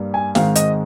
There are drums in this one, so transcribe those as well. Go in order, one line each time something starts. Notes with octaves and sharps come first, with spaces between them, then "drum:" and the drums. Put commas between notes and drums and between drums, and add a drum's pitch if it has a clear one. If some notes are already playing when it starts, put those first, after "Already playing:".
Already playing: G2 G3 A#3
G#5
G#2 D#3 G#3 C4 F5, drum: snare
D#5, drum: hi-hat